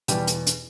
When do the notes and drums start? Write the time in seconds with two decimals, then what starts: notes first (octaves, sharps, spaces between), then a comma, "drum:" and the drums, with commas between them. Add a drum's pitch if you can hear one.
0.08 E2 B2 G3 G4, drum: hi-hat
0.27 drum: hi-hat
0.47 drum: hi-hat